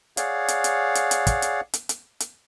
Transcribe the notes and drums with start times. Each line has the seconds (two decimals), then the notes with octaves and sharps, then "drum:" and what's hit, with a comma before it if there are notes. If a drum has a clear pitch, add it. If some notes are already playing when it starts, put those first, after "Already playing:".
0.17 G#4 C#5 D5 F5 F#5, drum: hi-hat
0.48 drum: hi-hat
0.64 drum: hi-hat
0.95 drum: hi-hat
1.11 drum: hi-hat
1.27 drum: kick, hi-hat
1.42 drum: hi-hat
1.74 drum: hi-hat
1.89 drum: hi-hat
2.20 drum: hi-hat